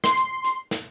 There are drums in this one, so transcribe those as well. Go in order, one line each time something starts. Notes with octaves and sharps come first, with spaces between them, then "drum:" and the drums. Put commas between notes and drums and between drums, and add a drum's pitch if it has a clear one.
C6, drum: snare
drum: hi-hat
drum: hi-hat
drum: snare